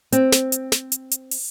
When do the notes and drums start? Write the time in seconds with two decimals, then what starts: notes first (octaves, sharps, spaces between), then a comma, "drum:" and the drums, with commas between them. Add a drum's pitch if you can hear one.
0.12 C4, drum: hi-hat
0.32 drum: snare
0.52 drum: hi-hat
0.72 drum: snare
0.92 drum: hi-hat
1.11 drum: hi-hat
1.31 drum: open hi-hat